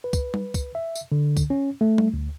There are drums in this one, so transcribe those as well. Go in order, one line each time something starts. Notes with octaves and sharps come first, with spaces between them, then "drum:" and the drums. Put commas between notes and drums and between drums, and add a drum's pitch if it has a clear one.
B4
drum: kick, tambourine
drum: tom G3
drum: kick, tambourine
E5
drum: tambourine
D3
drum: kick, tambourine
C#4
A3
drum: tom G3
D2